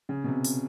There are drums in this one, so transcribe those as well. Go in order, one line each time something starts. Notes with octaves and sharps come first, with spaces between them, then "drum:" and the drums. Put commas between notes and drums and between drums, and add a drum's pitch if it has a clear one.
C#3
B2
C3
drum: open hi-hat